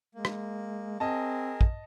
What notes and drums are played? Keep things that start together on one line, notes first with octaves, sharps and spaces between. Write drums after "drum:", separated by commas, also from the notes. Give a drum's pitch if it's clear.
G#3 A#3
drum: rim click
C4 G#4 A#4 D#5 A5
drum: kick